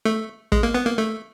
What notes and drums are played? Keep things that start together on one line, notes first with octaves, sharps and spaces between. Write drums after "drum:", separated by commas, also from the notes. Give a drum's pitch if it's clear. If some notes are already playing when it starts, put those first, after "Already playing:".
A3
G#3, drum: kick
A#3
B3
A#3
A3